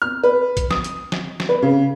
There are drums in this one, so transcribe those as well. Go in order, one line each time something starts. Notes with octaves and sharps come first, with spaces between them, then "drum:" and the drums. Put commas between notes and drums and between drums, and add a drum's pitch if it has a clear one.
F6
B4
drum: kick A#1, hi-hat
D#6, drum: snare
drum: hi-hat
drum: snare
drum: snare
B4
C#3